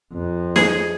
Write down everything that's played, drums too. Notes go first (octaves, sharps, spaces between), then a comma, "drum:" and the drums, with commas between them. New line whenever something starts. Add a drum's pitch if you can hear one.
F2
G#4, drum: snare